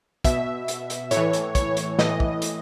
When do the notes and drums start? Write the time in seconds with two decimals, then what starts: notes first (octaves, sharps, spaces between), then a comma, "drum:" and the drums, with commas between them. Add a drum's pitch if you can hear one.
0.24 B2 E5, drum: kick, hi-hat
0.68 drum: hi-hat
0.90 drum: hi-hat
1.11 A2 C#5, drum: hi-hat
1.17 E3
1.33 drum: hi-hat
1.55 C#5, drum: kick, hi-hat
1.77 drum: hi-hat
1.99 A2 E3 D#5, drum: snare
2.20 drum: kick
2.42 drum: hi-hat